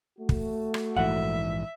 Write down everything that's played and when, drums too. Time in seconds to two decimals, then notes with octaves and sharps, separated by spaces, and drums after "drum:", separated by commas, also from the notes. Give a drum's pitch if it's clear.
0.19 A3 F#4
0.29 drum: kick
0.74 drum: rim click
0.97 A#1 G#2 E3 E5 F#5